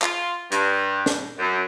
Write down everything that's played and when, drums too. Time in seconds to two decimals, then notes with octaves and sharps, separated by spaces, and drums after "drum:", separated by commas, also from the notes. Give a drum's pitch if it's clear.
0.02 F4, drum: clap
0.52 G2, drum: hi-hat
1.06 drum: snare
1.39 F#2